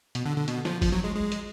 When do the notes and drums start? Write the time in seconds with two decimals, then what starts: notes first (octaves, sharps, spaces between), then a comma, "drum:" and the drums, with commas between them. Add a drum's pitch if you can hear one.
0.15 B2, drum: hi-hat
0.26 D3
0.38 D3
0.48 B2, drum: hi-hat
0.65 F3, drum: snare
0.82 F3, drum: kick G1, open hi-hat
0.92 F#3
1.04 G#3
1.15 G#3
1.32 drum: hi-hat